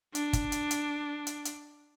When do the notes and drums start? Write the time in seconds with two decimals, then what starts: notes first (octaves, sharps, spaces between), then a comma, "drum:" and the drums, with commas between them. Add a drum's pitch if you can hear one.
0.15 D4, drum: hi-hat
0.33 drum: kick, hi-hat
0.52 drum: hi-hat
0.71 drum: hi-hat
1.27 drum: hi-hat
1.45 drum: hi-hat